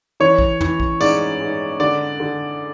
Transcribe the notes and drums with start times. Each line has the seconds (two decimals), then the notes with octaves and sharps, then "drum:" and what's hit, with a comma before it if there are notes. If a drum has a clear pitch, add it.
0.20 E3 C#5
0.39 drum: kick A1
0.60 E3, drum: tom
0.80 drum: kick A1
1.01 G#2 D5, drum: tambourine
1.40 G#2
1.80 D3 D5
2.20 D3